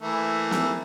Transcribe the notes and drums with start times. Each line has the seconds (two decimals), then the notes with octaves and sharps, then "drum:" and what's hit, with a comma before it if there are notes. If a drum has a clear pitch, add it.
0.02 E3 A3 A#3
0.51 drum: snare